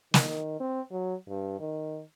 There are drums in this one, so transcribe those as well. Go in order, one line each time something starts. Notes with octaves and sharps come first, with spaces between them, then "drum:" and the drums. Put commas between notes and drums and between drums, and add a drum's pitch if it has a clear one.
D#3, drum: snare
C4
F#3
G2
D#3